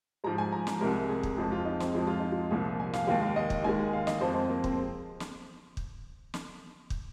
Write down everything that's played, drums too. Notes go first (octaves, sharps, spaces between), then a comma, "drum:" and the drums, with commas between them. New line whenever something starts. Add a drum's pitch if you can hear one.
G#2 F3 G#3 A#5
G#5
A#5
drum: snare
C2 C3 G#3 A#4
G#4
drum: kick
F2 F3 G#3 G#4
F4
D#4
C4, drum: snare
F2 F3 G#3 G#4
F4
D#4
F4
C2 A#2 F3 G#4
G#5
F5, drum: snare
D#2 D#3 G#3 F5
F5
D#5
drum: kick
D#2 D#3 G#3 G#5
F5
D#5, drum: snare
F2 F3 G#3 C5
C4
A#3
C4, drum: kick
drum: snare
drum: kick
drum: snare
drum: kick